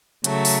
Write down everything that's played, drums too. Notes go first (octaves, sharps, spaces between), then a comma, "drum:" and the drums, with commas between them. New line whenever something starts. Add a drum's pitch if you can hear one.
C#3 F#3 A3, drum: hi-hat
drum: open hi-hat